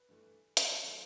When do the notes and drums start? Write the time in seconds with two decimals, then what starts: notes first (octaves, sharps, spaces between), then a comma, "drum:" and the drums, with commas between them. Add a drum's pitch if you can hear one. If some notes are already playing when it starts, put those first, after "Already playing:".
Already playing: B4
0.09 G2 E3 A3
0.57 drum: hi-hat
0.82 D#3 F#3 A3 C5